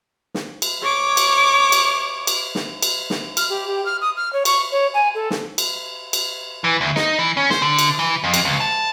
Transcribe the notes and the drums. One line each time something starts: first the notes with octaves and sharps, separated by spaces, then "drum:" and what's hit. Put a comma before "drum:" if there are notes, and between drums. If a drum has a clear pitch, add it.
drum: snare
drum: cymbal
C#5 D6
drum: cymbal
drum: cymbal
drum: cymbal
drum: snare
drum: cymbal
drum: snare
F6, drum: cymbal
G4
G4
F6
D#6
F6
C#5
C#6, drum: cymbal
C#5
G#5
A4
drum: snare
drum: cymbal
drum: cymbal
E3
D2
D#4, drum: snare
E3
C#4
C5, drum: snare
D3
drum: cymbal
E3
F2
drum: cymbal
C#2
A5